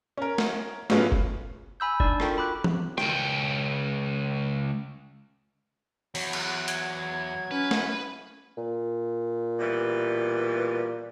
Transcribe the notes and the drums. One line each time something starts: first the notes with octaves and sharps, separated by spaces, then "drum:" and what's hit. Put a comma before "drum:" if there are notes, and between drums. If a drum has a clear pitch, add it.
C#4 A#4
drum: snare
A2 F#3 G#3 B3 C#4 F4, drum: snare
drum: kick F1
G#5 B5 E6 G6
D4 D#4 D5, drum: kick F1
F4 A4 A#4 G5 C#6, drum: rim click
F#4 B5 D6 F#6
drum: tom E3
C#2 G5, drum: rim click
E2 F#3, drum: open hi-hat
drum: cymbal
G#6, drum: hi-hat
C#4 B4
drum: snare
A#2
B2 E3 G3